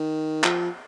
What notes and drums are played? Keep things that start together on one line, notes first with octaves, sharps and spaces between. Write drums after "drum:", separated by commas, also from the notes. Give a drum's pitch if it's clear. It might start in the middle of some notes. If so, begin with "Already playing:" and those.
Already playing: D#3
F3, drum: clap